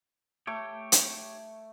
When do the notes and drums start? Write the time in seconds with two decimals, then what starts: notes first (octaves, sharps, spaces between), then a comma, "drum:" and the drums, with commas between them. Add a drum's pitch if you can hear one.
0.47 A3 G4 C#5
0.92 drum: hi-hat